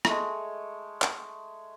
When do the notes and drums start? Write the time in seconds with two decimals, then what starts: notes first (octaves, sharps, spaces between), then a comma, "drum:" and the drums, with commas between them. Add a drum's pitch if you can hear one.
0.05 G#3 A3, drum: rim click
1.02 drum: clap